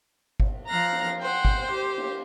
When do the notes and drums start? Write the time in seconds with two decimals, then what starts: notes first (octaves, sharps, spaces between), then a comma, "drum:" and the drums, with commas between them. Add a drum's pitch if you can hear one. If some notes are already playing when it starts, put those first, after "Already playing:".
0.40 drum: kick G1, cymbal
0.68 F3 F5 A#5 F#6 A#6
0.92 drum: cymbal
1.21 C5 F#5 G5
1.45 drum: kick G1, cymbal
1.71 G4
1.97 drum: cymbal